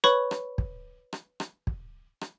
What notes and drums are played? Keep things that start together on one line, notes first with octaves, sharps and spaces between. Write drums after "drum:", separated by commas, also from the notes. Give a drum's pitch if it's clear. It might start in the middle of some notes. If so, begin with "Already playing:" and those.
B4 C#5 B5 C#6, drum: rim click
drum: rim click
drum: kick
drum: rim click
drum: rim click
drum: kick
drum: rim click